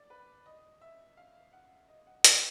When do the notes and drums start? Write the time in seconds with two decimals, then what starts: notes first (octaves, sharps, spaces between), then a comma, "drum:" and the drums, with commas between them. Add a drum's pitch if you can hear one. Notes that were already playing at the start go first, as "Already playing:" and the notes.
Already playing: D5
0.10 B4
0.46 D#5
0.81 E5
1.17 F5
1.53 F#5
1.89 D#5
2.07 F#5
2.24 F#5, drum: hi-hat